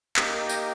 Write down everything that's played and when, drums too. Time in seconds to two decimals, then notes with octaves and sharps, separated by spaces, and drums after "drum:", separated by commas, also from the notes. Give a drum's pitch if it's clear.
0.16 A#3 D#4 G4 C5, drum: clap
0.33 A#4 D#5
0.49 D#5 G5, drum: tambourine